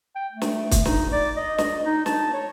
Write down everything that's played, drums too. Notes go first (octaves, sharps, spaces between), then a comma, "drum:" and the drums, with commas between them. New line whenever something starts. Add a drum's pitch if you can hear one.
G5
A3
drum: snare
drum: kick, hi-hat
D#4, drum: snare
D5
D#5
D#5, drum: snare
D#4
A5, drum: snare
C#5